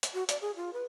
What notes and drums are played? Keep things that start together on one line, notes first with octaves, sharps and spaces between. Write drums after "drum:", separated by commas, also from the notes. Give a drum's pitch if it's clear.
drum: hi-hat
F#4
D5, drum: hi-hat
G#4
F4
B4